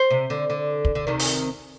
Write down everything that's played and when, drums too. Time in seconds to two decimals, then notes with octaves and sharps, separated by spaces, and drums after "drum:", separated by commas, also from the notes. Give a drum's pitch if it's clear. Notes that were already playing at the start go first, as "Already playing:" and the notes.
Already playing: C5
0.11 C3
0.30 D3
0.50 D3
0.85 drum: kick
0.95 D3
1.07 C3 D#3
1.19 drum: open hi-hat